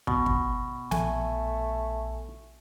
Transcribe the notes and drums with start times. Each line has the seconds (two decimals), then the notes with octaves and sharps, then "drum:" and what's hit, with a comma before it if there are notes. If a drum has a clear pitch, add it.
0.07 B2, drum: kick
0.26 drum: kick
0.91 A#1 A3 G#5, drum: snare